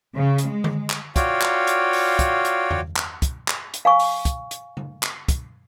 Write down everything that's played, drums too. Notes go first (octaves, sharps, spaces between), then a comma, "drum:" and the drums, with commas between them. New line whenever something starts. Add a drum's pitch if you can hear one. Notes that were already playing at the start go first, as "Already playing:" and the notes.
C#3
drum: hi-hat
G#3
drum: tom D3
drum: clap
F4 F#4 C#5 D5 F5 G5, drum: kick, hi-hat
drum: clap
drum: hi-hat
drum: open hi-hat
drum: kick, hi-hat
drum: hi-hat
drum: tom E2
drum: clap
drum: kick, hi-hat
drum: clap
drum: hi-hat
F5 G#5 C#6
drum: open hi-hat
drum: kick, hi-hat
drum: hi-hat
drum: tom C#3
drum: clap
drum: kick, hi-hat